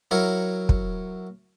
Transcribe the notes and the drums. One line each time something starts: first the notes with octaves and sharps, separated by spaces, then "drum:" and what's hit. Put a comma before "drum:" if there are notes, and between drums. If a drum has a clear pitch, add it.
F#3 E4 A#4 C#5
drum: kick